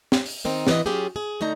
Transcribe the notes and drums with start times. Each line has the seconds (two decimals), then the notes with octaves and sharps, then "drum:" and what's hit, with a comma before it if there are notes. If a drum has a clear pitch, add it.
0.12 drum: snare
0.26 drum: open hi-hat
0.45 D#3 C4 D#4
0.67 D3 E3 B3 B4 D#5, drum: snare
0.86 F#3 C#4 F4 G4 G#4
1.16 G#4
1.41 D3 A3 D#4 A#5